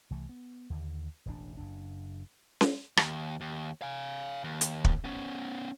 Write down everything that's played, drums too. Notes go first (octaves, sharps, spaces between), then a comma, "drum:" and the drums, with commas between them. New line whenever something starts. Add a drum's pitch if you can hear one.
C2 E3 A3
B3
D#2 D3
E1 A1 D4
F#1 F#2 D4
drum: snare C#4
D#2, drum: rim click
D#2
F5 G#5
D#2
drum: hi-hat
drum: kick
B3 C#4